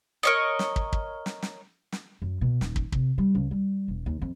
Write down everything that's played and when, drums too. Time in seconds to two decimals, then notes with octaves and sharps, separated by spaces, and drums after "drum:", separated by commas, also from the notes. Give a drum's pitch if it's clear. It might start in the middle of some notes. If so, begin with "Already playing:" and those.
0.23 A#4 C#5 D#5
0.59 drum: snare
0.76 drum: kick
0.93 drum: kick
1.26 drum: snare
1.42 drum: snare
1.92 drum: snare
2.22 F#2
2.41 B2
2.61 D#1, drum: snare
2.76 drum: kick
2.92 C3, drum: kick
3.18 G3
3.35 C#2
3.51 G3
3.88 E1
4.06 D#2
4.21 F2